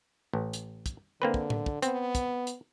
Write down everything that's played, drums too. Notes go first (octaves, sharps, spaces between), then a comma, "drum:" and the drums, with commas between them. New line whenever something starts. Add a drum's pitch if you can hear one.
A1
drum: hi-hat
drum: kick, hi-hat
D3 A#3 C4 B4
drum: kick
drum: tom A2
drum: kick
B3 C4, drum: hi-hat
drum: kick, hi-hat
drum: hi-hat